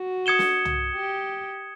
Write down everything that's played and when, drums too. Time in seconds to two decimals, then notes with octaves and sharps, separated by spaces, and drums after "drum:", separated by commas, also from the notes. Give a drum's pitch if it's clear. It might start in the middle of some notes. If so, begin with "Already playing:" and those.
Already playing: F#4
0.26 D#6 G#6 C#7 E7 G7
0.39 drum: snare
0.65 drum: tom
0.96 G4